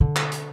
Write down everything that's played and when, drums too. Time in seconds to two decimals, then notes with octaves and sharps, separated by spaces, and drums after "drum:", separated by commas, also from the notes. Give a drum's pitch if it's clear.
0.01 D3
0.16 drum: clap
0.32 drum: hi-hat